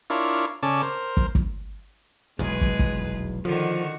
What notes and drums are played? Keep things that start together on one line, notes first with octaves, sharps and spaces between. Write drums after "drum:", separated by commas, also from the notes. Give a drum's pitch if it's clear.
D4 E4 F4 A#4 C#5
C#3 C#4 A4 D5 A5
A#4 C5
drum: kick
drum: kick
F1 B1 E2 G#3 G#4 B4
drum: kick
drum: kick
D3 D#3 F3 F#4